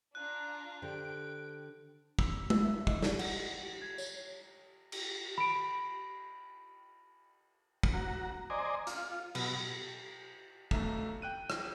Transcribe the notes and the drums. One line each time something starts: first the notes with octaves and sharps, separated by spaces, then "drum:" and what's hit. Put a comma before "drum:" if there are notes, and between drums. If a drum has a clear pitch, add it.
D4 F4 A#5 F#6
D3 G4 C5 G5 D7
E6, drum: kick
E6, drum: tom G#3
E5
D#5, drum: kick
drum: snare
F#5, drum: cymbal
G#6
C#5, drum: tambourine
drum: cymbal
B5 D7
drum: kick
F#4 A#5
C5 D5 D#5 G#5 A#5
F4, drum: hi-hat
B2 F#3, drum: cymbal
B1 A3 E5 A#5, drum: kick
G5 F#6 D#7
drum: rim click